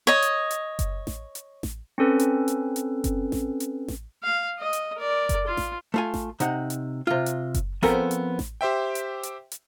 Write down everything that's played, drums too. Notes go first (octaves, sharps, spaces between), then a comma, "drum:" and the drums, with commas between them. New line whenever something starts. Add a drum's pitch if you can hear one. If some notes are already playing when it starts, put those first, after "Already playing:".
C#5 D#5
drum: hi-hat
drum: hi-hat
drum: kick F#1, hi-hat
drum: snare A1
drum: hi-hat
drum: snare A1
C4 C#4 A4 B4
drum: hi-hat
drum: hi-hat
drum: hi-hat
drum: kick F#1, hi-hat
drum: snare A1
drum: hi-hat
drum: snare A1
F5
D#5
drum: hi-hat
A#4 D5
drum: kick F#1, hi-hat
F4
drum: snare A1
A3 F4 G#5
drum: snare A1
C3 D#4 F#5, drum: hi-hat
drum: hi-hat
C3 F4
drum: hi-hat
drum: kick F#1, hi-hat
F3 B3 C4 A4 A#4 G#5, drum: snare A1
drum: hi-hat
drum: snare A1
G4 C5 E5 G5
drum: hi-hat
drum: hi-hat
drum: hi-hat